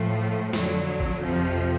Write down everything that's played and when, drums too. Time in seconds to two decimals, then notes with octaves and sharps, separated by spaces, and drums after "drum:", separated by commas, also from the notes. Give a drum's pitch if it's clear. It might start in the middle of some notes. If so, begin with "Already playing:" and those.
Already playing: A2 F3 A3
0.53 F2 D3 F#3, drum: snare
1.00 drum: kick G#1
1.23 F2 C3 F3